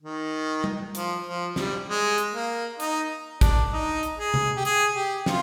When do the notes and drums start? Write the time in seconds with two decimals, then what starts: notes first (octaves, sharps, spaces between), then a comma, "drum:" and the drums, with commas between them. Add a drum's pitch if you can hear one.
0.02 D#3
0.64 drum: tom G3
0.95 F3, drum: hi-hat
1.25 F3
1.56 G3, drum: snare
1.87 G#3
2.18 drum: hi-hat
2.33 A#3
2.80 D#4, drum: hi-hat
3.41 D4, drum: kick, hi-hat
3.72 D#4
4.03 drum: hi-hat
4.18 G#4
4.34 drum: tom C3
4.57 G4
4.65 G#4, drum: hi-hat
4.96 G4
5.26 F4, drum: snare